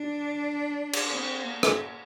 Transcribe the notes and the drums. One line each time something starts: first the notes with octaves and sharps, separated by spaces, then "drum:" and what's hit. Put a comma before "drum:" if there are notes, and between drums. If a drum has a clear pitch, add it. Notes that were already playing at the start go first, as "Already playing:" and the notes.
Already playing: D4
drum: cymbal
C4
A#3
drum: rim click